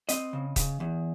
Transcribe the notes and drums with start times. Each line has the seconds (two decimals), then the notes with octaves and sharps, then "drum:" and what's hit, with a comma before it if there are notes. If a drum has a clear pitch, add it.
0.09 C4 D#5, drum: hi-hat
0.33 C#3
0.56 C#3, drum: kick D#1, hi-hat
0.80 E2